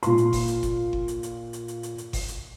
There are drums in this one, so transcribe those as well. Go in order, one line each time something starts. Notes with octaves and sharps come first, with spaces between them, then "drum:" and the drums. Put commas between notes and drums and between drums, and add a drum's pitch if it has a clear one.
A#2 C6, drum: hi-hat
drum: hi-hat
drum: kick G1, open hi-hat
drum: hi-hat
drum: kick G1, hi-hat
drum: kick G1
drum: hi-hat
drum: hi-hat
drum: hi-hat
drum: hi-hat
drum: hi-hat
drum: hi-hat
drum: kick G1, open hi-hat
drum: hi-hat